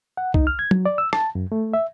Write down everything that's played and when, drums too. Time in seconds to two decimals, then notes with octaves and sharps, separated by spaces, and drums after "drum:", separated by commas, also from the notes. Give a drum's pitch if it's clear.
0.17 F#5
0.34 D#4, drum: kick C2
0.47 F6
0.59 G#6
0.71 F#3, drum: tom
0.86 D5
0.98 E6
1.13 A5, drum: rim click
1.35 F#2
1.52 A3
1.74 E5